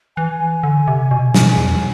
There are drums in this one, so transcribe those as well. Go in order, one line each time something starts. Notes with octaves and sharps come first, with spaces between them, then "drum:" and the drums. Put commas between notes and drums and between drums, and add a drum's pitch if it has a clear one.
E3 G#5
D3
C3
B2
B2, drum: snare
E2